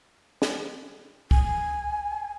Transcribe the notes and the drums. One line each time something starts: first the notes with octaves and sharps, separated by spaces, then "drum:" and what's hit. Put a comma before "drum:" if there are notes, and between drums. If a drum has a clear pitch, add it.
drum: snare
G#5, drum: kick